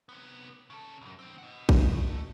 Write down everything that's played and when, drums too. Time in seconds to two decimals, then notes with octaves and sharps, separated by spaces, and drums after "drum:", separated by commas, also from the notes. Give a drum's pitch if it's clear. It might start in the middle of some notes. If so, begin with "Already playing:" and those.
0.09 C3 B3
0.70 C#3 A4
1.01 B1 F#2
1.19 D#3 C4
1.38 D#5 F#5
1.69 drum: kick A#1
1.92 G2 A3